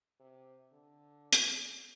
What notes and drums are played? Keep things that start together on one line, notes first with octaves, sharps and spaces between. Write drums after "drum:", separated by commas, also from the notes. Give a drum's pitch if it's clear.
C3
D3
drum: hi-hat